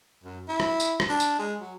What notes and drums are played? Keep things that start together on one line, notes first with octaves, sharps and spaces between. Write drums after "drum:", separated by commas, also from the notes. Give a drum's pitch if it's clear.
F#2
E4
drum: rim click
drum: tambourine
drum: rim click
D4
drum: tambourine
G#3
F#3